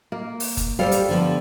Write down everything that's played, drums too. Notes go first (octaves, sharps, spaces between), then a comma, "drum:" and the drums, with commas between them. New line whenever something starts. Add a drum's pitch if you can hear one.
A#3
drum: open hi-hat
drum: kick F1, hi-hat
G3 G4 A4 C5 F5
drum: hi-hat
D3 F3 B3